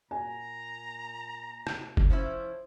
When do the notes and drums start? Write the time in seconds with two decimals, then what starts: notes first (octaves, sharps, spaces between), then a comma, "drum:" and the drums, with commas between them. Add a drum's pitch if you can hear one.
0.11 A#2 G#5 A#5
1.67 drum: rim click
1.97 drum: kick
2.10 F3 C#4 E4 C5